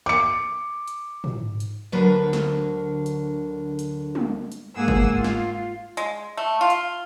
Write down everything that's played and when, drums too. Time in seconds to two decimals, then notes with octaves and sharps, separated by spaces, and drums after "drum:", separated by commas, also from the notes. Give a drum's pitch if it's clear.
0.06 D6 C#7
0.88 drum: hi-hat
1.24 drum: tom
1.60 drum: hi-hat
1.92 D2 D3 F#3 A#4 B4
2.33 drum: snare
3.06 drum: hi-hat
3.79 drum: hi-hat
4.15 drum: tom
4.52 drum: hi-hat
4.76 G#2 A#3 G#4 F#5 G#5 E6
4.88 drum: kick
5.12 F4
5.24 drum: snare
5.97 G#3, drum: hi-hat
6.37 A3
6.61 F4
6.70 drum: hi-hat